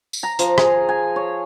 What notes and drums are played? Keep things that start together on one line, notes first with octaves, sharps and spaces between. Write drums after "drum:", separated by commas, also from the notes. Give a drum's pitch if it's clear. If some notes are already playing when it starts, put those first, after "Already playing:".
drum: tambourine
A#5
F3, drum: hi-hat
G#4, drum: rim click
G#5
C#5